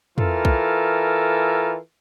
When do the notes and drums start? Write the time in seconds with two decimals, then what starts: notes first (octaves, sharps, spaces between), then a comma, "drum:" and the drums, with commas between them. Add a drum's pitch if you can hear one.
0.18 E3 F4 A4 A#4, drum: tom
0.45 drum: kick B1